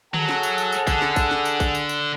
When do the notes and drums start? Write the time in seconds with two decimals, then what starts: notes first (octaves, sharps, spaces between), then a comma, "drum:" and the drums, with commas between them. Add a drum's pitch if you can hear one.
0.14 F#3 G#4 A4 F#5 A5, drum: tom D3
0.29 drum: snare
0.43 drum: tambourine
0.58 drum: tambourine
0.72 drum: tambourine
0.87 D3, drum: kick A#1, tambourine
1.02 drum: snare
1.16 drum: kick A#1, tambourine
1.31 drum: snare
1.45 drum: tambourine
1.60 drum: kick A#1, tambourine
1.75 drum: tambourine
1.89 drum: tambourine